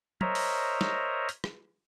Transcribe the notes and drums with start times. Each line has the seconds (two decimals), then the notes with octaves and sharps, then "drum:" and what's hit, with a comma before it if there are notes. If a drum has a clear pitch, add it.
0.21 A#4 C5 C#5 D#5 E5 A#5, drum: tom
0.35 drum: open hi-hat
0.81 drum: snare
1.29 drum: hi-hat
1.44 drum: rim click